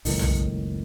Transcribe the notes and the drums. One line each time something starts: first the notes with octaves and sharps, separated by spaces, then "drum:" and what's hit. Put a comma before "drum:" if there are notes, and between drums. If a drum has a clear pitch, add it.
F#1 C#2 A2 D#3, drum: open hi-hat
drum: tom B1